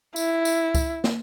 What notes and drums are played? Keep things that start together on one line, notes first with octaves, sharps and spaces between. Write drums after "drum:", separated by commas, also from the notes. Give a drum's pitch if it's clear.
E4, drum: tambourine
drum: tambourine
drum: kick C#2, tambourine
drum: snare